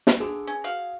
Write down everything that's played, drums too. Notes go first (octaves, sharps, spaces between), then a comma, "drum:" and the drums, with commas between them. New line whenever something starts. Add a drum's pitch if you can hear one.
drum: snare
D3 G#4
C#4
F#4 F5